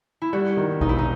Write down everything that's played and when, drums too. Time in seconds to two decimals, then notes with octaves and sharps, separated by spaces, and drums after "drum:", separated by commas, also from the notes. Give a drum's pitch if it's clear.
0.22 E4
0.33 G3 F#4
0.57 D#3
0.81 E1 D#4, drum: kick A#1
0.89 E4
0.98 D#4